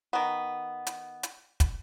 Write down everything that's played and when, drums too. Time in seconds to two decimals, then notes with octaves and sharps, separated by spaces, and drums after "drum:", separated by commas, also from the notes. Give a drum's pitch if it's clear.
0.13 D#3 B3
0.87 drum: hi-hat
1.23 drum: hi-hat
1.60 drum: kick, hi-hat